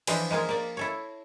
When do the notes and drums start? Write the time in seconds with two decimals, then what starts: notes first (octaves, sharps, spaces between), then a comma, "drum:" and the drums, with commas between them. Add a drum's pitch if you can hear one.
0.07 E3 F3 D4 C5 D#5 E5, drum: cymbal
0.31 G#3 A#3 F4 G#4
0.49 A#3 D5
0.77 E4 A4 C#5